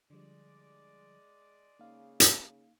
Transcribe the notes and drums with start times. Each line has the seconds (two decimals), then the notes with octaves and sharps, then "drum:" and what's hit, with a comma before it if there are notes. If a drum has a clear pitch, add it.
0.10 D3 F3 G3 G#3 D5
1.79 C#3 A#3 D#4 F5
2.20 drum: hi-hat